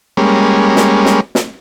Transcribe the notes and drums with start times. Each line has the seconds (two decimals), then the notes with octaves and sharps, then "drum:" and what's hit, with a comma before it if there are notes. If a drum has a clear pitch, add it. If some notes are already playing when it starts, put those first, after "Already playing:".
0.17 G3 G#3 A#3 C#4
0.76 drum: snare
1.06 drum: snare
1.35 drum: snare